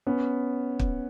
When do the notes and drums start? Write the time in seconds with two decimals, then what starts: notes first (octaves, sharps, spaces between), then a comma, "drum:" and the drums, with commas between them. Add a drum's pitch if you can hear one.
0.07 B3 C#4
0.79 drum: kick